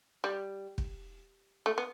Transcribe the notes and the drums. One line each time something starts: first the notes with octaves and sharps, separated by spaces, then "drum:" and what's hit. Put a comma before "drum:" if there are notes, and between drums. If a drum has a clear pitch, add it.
G3
drum: kick
A3
B3